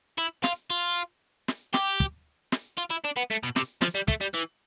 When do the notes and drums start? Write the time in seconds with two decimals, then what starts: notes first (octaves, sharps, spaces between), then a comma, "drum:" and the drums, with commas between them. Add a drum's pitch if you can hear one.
0.18 E4
0.44 F4, drum: snare
0.70 F4
1.48 drum: snare
1.74 G4, drum: snare
2.00 drum: kick
2.52 drum: snare
2.78 F4
2.91 E4
3.05 D4
3.17 B3
3.31 A3
3.43 B2
3.56 C3, drum: snare
3.82 F3, drum: snare
3.95 G3
4.08 A3, drum: kick
4.21 G3
4.34 E3